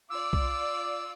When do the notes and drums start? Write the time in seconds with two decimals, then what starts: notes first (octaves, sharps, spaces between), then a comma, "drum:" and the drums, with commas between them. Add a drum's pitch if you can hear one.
0.10 F4 D5 D6 E6
0.33 drum: kick C2